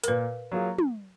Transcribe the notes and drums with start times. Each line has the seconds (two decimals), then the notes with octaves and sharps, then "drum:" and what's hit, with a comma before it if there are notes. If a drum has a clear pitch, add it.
0.04 A#4, drum: hi-hat
0.08 A#2 B4
0.52 F#3 A#3 F4 G#4
0.79 drum: tom